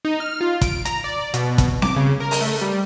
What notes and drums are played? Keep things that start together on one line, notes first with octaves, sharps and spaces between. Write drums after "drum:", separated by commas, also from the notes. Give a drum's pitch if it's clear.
D#4
F6
F4
D7, drum: kick, hi-hat
A#5, drum: hi-hat
D5
B2, drum: hi-hat
drum: kick, hi-hat
D6, drum: snare C4
C#3
A#4
drum: open hi-hat
A3
G3